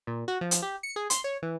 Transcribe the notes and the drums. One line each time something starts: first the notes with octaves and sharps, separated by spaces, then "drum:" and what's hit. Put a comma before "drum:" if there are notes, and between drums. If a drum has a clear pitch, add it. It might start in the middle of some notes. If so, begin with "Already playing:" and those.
A#2
F#4
F3
drum: hi-hat
G4
C#7
G#4
C6, drum: hi-hat
C#5
E3